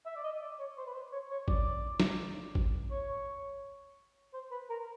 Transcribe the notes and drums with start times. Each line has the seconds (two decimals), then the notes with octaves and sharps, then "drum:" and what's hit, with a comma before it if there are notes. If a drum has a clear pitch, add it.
0.06 E5
0.16 D5
0.24 D#5
0.42 D5
0.59 C#5
0.77 C5
0.86 B4
0.94 C5
1.12 C#5
1.31 C#5
1.48 D5, drum: kick G#1
2.00 drum: snare
2.55 drum: kick G#1
2.91 C#5
4.34 C5
4.51 B4
4.70 A#4